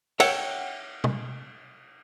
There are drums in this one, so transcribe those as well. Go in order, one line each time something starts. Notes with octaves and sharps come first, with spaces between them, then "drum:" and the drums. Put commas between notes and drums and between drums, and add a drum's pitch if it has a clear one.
C#5 E5 F#5 G5, drum: cymbal
drum: tom